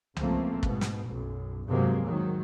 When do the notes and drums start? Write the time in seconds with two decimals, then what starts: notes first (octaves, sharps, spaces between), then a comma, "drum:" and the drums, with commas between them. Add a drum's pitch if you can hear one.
0.17 C#2 F3 A3 A#3 C4, drum: tom C2
0.63 G#2 B2, drum: kick
0.81 drum: snare
1.09 B1 F#2
1.67 E2 G2 C3 F#3 G#3 A#3
2.06 G#2 D#3 F#3